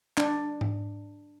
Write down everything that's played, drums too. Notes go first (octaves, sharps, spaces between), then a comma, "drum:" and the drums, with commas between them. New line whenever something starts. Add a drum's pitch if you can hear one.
D4, drum: clap
drum: tom G#2